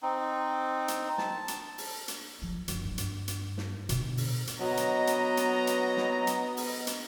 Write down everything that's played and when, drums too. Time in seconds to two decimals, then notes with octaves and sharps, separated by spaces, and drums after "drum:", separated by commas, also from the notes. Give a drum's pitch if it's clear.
0.02 C4 D#4
0.88 drum: hi-hat
1.18 A5, drum: snare
1.48 drum: hi-hat
1.78 drum: open hi-hat
2.08 drum: hi-hat
2.42 F3
2.68 F#2 C#3, drum: hi-hat
2.85 G2
2.98 drum: hi-hat
3.28 drum: hi-hat
3.58 drum: snare
3.89 B2 D3, drum: hi-hat
4.17 drum: open hi-hat
4.47 drum: hi-hat
4.60 F#3 B3 D#5 A#5
4.77 drum: hi-hat
5.07 drum: hi-hat
5.37 drum: hi-hat
5.67 drum: hi-hat
5.97 drum: snare
6.27 drum: hi-hat
6.57 drum: open hi-hat
6.87 drum: hi-hat